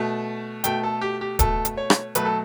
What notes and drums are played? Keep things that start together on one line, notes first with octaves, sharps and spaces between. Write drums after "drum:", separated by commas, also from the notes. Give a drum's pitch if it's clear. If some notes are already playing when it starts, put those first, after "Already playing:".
Already playing: B2 A3 A5
B2 A3 G5, drum: hi-hat
A4
G4
G4
B2 A3 A4, drum: kick D1, hi-hat
drum: hi-hat
C#5
drum: rim click
B2 F#3 A3 B4, drum: hi-hat
A4